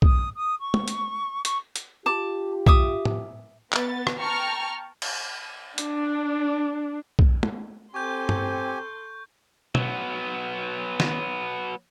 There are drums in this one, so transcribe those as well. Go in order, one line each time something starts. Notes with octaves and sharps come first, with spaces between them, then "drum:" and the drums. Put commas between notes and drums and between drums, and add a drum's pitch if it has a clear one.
D#6, drum: kick B1
D#6
C#6
drum: tom
drum: hi-hat
C#6, drum: hi-hat
drum: hi-hat
F4 G4 A5 D6
E5 D6 D#6, drum: kick B1
drum: tom A2
B3 A6, drum: clap
drum: rim click
G5 A5 A#5 C#6 F6
drum: cymbal
D4, drum: hi-hat
drum: kick B1
drum: tom
C4 G4 A4 G#5 C6 C#6 G6
drum: tom G2
F#3 B3, drum: tom
drum: snare